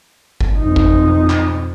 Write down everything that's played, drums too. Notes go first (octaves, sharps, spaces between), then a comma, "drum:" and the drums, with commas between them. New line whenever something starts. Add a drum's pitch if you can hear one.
drum: kick G1
F2 D#4
drum: kick G1
drum: clap